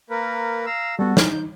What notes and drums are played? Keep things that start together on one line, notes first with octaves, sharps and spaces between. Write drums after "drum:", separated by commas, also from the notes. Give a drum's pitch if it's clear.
A#3 A#4 B4
F5 A#5 E6
G3 B3 F#4 A4
D#4 G6, drum: snare